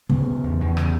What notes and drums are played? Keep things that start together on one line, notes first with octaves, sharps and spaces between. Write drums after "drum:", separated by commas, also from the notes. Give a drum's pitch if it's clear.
C#3 B3, drum: kick
C#3
E2
E2
C#3, drum: rim click